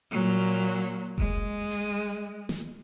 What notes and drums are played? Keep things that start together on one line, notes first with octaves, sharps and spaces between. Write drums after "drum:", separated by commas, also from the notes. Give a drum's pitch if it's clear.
A#2 F#3
G#3, drum: kick F1
drum: open hi-hat
drum: snare